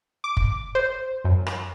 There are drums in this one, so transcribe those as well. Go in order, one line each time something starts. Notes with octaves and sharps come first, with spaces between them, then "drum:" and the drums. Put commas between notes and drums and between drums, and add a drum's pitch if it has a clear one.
D6
drum: kick
C5
F#2
drum: rim click